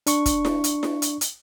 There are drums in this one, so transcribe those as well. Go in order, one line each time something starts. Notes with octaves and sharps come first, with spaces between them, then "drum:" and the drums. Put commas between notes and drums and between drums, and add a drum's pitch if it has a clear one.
D4 C#6, drum: hi-hat
drum: kick, hi-hat
drum: snare E4
drum: hi-hat
drum: snare E4
drum: hi-hat
drum: hi-hat